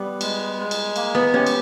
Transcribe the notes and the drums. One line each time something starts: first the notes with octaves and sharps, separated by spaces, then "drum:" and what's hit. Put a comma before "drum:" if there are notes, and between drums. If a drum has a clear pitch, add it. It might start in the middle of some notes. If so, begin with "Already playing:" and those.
Already playing: G3 B3
G#3, drum: cymbal
G#3
drum: cymbal
A#3, drum: cymbal
B3
C#4 G4
drum: cymbal